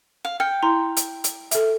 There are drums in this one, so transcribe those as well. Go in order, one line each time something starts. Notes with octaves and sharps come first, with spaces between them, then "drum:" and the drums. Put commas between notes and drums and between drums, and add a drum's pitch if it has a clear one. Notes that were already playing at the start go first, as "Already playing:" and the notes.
F5
G5 F6 C#7
E4 A#5 C6
drum: hi-hat
drum: hi-hat
A4 E5, drum: hi-hat